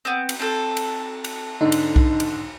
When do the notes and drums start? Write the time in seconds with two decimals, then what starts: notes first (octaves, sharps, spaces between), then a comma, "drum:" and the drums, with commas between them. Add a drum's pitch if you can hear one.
0.05 B3 C4
0.29 drum: cymbal
0.40 C4 A4
0.77 drum: cymbal
1.24 drum: cymbal
1.61 G#2 D3 D#4
1.72 drum: cymbal
1.96 drum: kick B1
2.20 drum: cymbal